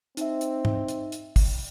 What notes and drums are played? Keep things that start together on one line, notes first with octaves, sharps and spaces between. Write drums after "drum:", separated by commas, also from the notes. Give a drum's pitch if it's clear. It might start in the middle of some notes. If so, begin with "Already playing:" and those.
C4 D#4 E5, drum: hi-hat
drum: hi-hat
drum: tom
drum: hi-hat
drum: hi-hat
drum: kick, open hi-hat